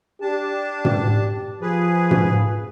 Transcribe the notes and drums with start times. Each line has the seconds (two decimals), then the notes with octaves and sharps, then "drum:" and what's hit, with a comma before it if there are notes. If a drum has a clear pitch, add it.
0.22 D4 G4 A5
0.85 drum: tom
1.62 F3 G#4 B4
2.11 drum: tom